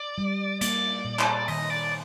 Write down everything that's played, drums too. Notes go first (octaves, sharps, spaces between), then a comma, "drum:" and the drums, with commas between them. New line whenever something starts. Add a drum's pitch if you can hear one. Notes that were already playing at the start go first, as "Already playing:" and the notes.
Already playing: D5
G3
A#3 D5, drum: hi-hat
A#2
drum: clap
D#3 D#5, drum: open hi-hat
D5